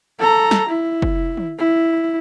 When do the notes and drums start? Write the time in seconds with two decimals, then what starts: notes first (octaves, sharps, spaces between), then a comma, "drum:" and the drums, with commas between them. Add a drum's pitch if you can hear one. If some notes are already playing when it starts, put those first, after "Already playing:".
0.19 A4 A#5
0.51 drum: snare G3
0.69 E4
1.02 drum: kick
1.37 drum: tom
1.58 E4